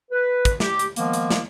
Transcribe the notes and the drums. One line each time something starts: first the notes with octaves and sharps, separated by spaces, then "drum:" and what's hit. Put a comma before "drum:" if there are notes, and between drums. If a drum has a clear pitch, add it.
B4
drum: kick, hi-hat
G4, drum: snare
drum: hi-hat
D#3 F3 G#3 A#3 B3, drum: hi-hat
drum: hi-hat
drum: snare